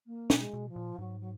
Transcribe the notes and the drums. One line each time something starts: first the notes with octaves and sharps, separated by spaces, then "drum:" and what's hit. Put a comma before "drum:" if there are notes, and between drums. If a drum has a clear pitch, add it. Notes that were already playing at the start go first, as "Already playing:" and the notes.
A#3
B2, drum: snare
G#3
B2
F3
A#2
G#2 F#3
F#3